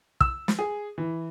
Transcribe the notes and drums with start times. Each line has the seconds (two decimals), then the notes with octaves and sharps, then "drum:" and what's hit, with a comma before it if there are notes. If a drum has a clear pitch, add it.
0.21 E6, drum: kick
0.48 drum: snare
0.59 G#4
0.98 E3